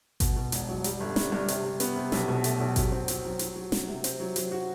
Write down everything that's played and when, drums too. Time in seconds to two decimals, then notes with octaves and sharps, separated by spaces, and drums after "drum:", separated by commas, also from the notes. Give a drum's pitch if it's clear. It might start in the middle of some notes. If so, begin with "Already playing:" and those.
0.20 B2, drum: kick G#1, hi-hat
0.36 B2
0.52 E1, drum: hi-hat
0.69 F#3
0.84 G3, drum: hi-hat
1.00 G1
1.16 G3, drum: snare
1.32 G2
1.48 C3, drum: hi-hat
1.64 C3
1.80 B3, drum: hi-hat
1.96 C3
2.12 B1, drum: snare
2.28 B2
2.44 A3, drum: hi-hat
2.60 B1
2.76 F#3, drum: kick G#1, hi-hat
2.92 C4
3.08 F#3, drum: hi-hat
3.24 F#3
3.39 F#3, drum: hi-hat
3.56 F#3
3.72 F#3, drum: snare
3.88 C3
4.04 C4, drum: hi-hat
4.20 F#3
4.36 F#3, drum: hi-hat
4.52 F#4